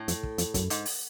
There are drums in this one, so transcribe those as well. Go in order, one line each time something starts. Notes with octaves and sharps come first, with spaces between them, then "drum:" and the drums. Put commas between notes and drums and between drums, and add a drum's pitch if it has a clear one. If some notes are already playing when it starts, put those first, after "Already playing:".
Already playing: A2
F2, drum: hi-hat
drum: kick
F2, drum: hi-hat
F#2, drum: kick, hi-hat
G#2, drum: hi-hat
drum: open hi-hat